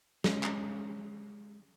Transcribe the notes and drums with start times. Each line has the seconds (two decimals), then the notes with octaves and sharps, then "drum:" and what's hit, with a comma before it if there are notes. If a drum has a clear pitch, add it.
0.24 G#3 C#4, drum: snare
0.43 drum: clap